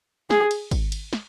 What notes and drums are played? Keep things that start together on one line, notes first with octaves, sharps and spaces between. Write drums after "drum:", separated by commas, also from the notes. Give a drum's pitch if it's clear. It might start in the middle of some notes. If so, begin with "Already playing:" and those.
G#4, drum: snare
drum: cymbal
drum: kick G#1, cymbal
drum: cymbal
drum: snare